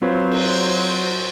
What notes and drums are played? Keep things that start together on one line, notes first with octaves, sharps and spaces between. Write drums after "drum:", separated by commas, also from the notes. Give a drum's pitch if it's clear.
F#3 C4 F4 B4 C5
drum: cymbal